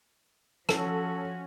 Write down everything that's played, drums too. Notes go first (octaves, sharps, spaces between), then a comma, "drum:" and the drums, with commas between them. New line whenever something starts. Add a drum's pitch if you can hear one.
F3 C#4 F#4 A4, drum: rim click